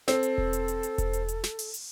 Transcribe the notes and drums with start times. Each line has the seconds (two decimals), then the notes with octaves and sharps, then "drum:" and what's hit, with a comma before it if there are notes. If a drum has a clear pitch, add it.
0.08 C4 A4, drum: snare
0.23 drum: hi-hat
0.38 drum: kick E1
0.53 drum: hi-hat
0.68 drum: hi-hat
0.83 drum: hi-hat
0.98 drum: kick E1, hi-hat
1.13 drum: hi-hat
1.28 drum: hi-hat
1.44 drum: snare
1.59 drum: open hi-hat
1.74 drum: hi-hat